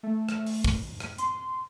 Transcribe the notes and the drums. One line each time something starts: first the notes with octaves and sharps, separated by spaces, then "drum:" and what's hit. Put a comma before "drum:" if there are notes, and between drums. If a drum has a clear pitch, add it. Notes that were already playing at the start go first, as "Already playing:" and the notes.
A3
drum: rim click
drum: open hi-hat
drum: kick
drum: rim click
C6, drum: hi-hat